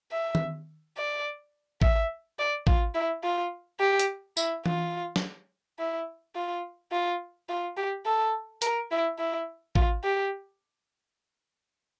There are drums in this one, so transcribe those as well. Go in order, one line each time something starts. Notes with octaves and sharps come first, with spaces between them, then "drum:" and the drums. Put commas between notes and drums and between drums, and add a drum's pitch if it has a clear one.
E5
drum: tom D#3
D5
E5, drum: kick
D5
F4, drum: kick
E4
F4
G4
drum: hi-hat
E4, drum: tambourine
F4, drum: tom E3
drum: snare
E4
F4
F4
F4
G4
A4
A#4, drum: hi-hat
E4
E4
F4, drum: kick
G4